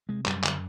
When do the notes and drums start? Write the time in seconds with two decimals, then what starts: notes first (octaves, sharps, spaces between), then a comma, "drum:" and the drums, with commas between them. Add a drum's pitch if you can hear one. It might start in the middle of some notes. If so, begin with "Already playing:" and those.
0.09 C3 G#3
0.26 F#2 G3, drum: clap
0.44 D3, drum: clap